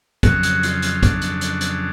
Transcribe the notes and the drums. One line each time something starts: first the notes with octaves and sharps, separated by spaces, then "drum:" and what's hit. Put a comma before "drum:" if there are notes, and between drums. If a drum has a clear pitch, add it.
F2 C#3 F#3 F#4, drum: kick, hi-hat
drum: hi-hat
F4, drum: hi-hat
drum: hi-hat
D4, drum: kick, hi-hat
drum: hi-hat
drum: hi-hat
drum: hi-hat